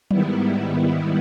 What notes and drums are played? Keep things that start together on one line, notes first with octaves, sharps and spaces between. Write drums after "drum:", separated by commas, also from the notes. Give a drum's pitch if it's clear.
G#2 D#3 G3 B3 E4, drum: tom F#3